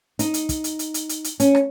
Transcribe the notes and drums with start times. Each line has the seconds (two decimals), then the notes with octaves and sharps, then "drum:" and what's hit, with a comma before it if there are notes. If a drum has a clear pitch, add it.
0.19 D#4, drum: hi-hat
0.34 drum: hi-hat
0.49 drum: kick, hi-hat
0.64 drum: hi-hat
0.79 drum: hi-hat
0.94 drum: hi-hat
1.09 drum: hi-hat
1.24 drum: hi-hat
1.40 C#4, drum: hi-hat
1.55 drum: rim click